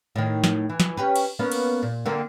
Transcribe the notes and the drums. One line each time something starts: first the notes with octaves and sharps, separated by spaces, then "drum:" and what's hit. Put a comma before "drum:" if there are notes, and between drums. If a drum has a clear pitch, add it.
A2 D#3
drum: snare
E3
drum: snare
C#4 G4 B4
drum: cymbal
A#3 B3 C#4
drum: cymbal
A#2
D3 A#3 C4